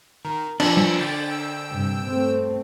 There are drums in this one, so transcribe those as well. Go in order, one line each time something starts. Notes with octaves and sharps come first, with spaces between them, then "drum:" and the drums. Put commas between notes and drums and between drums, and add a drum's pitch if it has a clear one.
D#3 A#4
F3 B3 D4 E6 C#7, drum: cymbal
drum: tom
D3 G5 A6
G5 E6
G2 C3
A3 C4